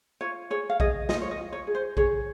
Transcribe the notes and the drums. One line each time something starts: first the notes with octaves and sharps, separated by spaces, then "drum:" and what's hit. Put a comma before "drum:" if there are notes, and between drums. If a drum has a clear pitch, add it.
F4 C#5
G#4 C#5
F5
G#4 D#5, drum: kick A#1
F4 D#5, drum: snare
C#5
D#5
F4
C#5
G#4
C5
G#4 C#5, drum: kick A#1